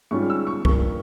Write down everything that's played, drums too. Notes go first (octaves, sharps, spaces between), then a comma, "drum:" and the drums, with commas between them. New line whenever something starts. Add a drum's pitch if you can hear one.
G#2 G3 C#4 F4 C#6
E6
C#6
G2 F3 A#3 C#6, drum: kick